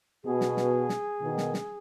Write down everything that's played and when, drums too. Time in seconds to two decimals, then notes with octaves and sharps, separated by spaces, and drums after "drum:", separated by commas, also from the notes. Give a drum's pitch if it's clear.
0.24 B2 G#4
0.41 drum: snare
0.57 drum: snare
0.89 drum: snare
1.21 B2 D#3
1.38 drum: snare
1.54 drum: snare